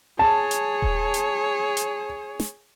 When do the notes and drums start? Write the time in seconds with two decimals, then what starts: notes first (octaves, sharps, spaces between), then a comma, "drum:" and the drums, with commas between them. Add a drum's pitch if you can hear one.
0.19 G#4 C#5 A5
0.51 drum: hi-hat
0.82 drum: kick D#1
1.14 drum: hi-hat
1.77 drum: hi-hat
2.40 drum: snare